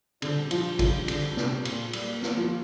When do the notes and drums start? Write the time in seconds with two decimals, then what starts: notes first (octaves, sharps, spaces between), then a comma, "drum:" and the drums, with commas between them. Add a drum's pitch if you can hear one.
0.22 A#2 D3 G3 D4 G4 C5, drum: cymbal
0.51 F3, drum: cymbal
0.79 F3, drum: kick, cymbal
1.08 D3, drum: cymbal
1.37 C3, drum: snare
1.65 A#2, drum: cymbal
1.93 G3 A#3 G4 A#4, drum: cymbal
2.22 drum: snare
2.37 F3